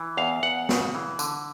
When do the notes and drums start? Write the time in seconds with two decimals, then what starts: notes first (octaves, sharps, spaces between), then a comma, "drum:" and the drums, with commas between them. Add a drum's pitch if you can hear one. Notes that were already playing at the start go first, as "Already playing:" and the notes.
Already playing: E3
0.17 E2 F5
0.43 E2 F#5
0.69 C#3, drum: snare
0.95 E3
1.19 D3, drum: tambourine